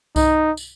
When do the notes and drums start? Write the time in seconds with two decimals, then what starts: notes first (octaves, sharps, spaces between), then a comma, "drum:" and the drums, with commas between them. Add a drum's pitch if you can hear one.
0.16 D#4, drum: kick C2, tambourine
0.57 drum: tambourine